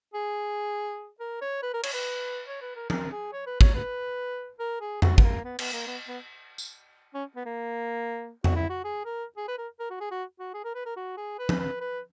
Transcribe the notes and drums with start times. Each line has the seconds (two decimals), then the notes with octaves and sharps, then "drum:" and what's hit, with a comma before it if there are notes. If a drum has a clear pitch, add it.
0.14 G#4
1.20 A#4
1.41 C#5
1.63 B4
1.74 A#4
1.83 C#5, drum: cymbal
1.94 B4
2.48 C#5
2.61 B4
2.76 A#4
2.90 A#4, drum: tom
3.12 G#4
3.33 C#5
3.47 B4
3.61 C#5, drum: kick
3.75 B4
4.59 A#4
4.81 G#4
5.02 F#4, drum: tom F2
5.18 B3, drum: kick
5.23 A#3
5.44 B3
5.59 B3, drum: cymbal
5.73 A#3
5.87 B3
6.08 B3
6.58 drum: tambourine
7.14 C#4
7.36 B3
7.46 A#3
8.44 F#4, drum: tom F2
8.56 E4
8.70 F#4
8.84 G#4
9.05 A#4
9.37 G#4
9.48 B4
9.58 A#4
9.80 A#4
9.90 F#4
10.01 G#4
10.11 F#4
10.39 F#4
10.54 G#4
10.65 A#4
10.75 B4
10.86 A#4
10.97 F#4
11.17 G#4
11.39 B4
11.49 drum: tom
11.60 B4
11.81 B4